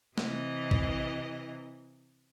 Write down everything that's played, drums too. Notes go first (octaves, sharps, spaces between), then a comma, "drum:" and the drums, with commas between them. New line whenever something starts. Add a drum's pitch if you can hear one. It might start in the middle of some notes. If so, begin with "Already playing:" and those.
C3 E3 D#5, drum: snare
drum: kick